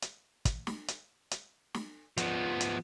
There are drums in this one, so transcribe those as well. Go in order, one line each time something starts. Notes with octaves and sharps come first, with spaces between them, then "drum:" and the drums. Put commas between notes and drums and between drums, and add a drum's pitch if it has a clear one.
drum: hi-hat
drum: kick, hi-hat
drum: snare
drum: hi-hat
drum: hi-hat
drum: snare
F3 B3, drum: hi-hat
drum: hi-hat